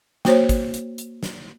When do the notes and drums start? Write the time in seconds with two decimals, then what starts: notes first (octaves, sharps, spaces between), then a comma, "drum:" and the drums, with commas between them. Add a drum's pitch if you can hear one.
0.25 A#3 F#4 C5 C#5, drum: snare
0.49 drum: kick, hi-hat
0.74 drum: hi-hat
0.98 drum: hi-hat
1.23 drum: snare